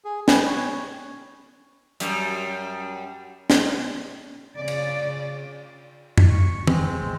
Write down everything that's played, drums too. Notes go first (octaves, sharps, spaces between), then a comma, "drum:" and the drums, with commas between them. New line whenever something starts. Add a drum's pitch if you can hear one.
G#4
C4 B4 G#5, drum: snare
C#5
F#2 G3, drum: hi-hat
drum: snare
C#3 D5
drum: cymbal
drum: tom F2
C#6
E2 G#3 C4 D#4, drum: tom
A#1